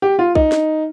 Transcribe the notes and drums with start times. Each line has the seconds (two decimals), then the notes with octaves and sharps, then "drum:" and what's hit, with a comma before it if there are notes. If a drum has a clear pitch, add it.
0.02 G4
0.19 F4
0.35 D#4, drum: kick B1
0.52 drum: snare